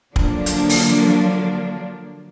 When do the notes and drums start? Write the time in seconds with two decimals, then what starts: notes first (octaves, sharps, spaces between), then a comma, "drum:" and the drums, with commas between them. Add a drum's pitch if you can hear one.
0.16 D3 F3 F#3 A#3 D4, drum: kick
0.46 drum: hi-hat
0.69 drum: open hi-hat